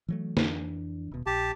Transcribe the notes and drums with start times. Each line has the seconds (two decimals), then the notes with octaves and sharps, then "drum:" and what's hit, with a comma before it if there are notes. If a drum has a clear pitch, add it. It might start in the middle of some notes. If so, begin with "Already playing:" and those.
0.08 E3 F#3 A3
0.37 F2 E3 D4, drum: snare
1.11 D#1 B2
1.26 A#1 G4 A5